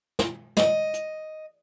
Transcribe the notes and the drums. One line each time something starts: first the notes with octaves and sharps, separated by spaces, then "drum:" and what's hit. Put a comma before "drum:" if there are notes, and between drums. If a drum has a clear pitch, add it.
drum: snare
D#5, drum: snare
drum: hi-hat